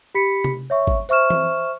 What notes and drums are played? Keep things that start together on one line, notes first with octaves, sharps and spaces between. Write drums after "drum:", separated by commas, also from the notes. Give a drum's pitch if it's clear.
G4 B5 B6 C#7
drum: tom C3
C#5 E5 C#6
drum: kick G#1
C5 E5 C#6 F6 E7, drum: tambourine
drum: tom E3